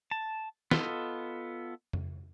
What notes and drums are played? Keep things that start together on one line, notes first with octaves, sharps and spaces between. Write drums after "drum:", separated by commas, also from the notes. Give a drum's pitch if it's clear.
A5
B3 F4 A4 D#5, drum: snare
drum: tom F2